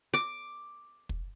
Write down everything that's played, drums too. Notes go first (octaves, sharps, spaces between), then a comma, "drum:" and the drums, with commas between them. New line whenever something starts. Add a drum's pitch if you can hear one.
D6
drum: kick